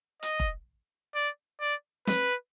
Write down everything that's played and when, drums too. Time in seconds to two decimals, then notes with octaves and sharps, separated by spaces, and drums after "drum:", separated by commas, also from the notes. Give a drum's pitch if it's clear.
0.23 D#5, drum: hi-hat
0.40 drum: kick F1
1.15 D5
1.61 D5
2.07 B4, drum: snare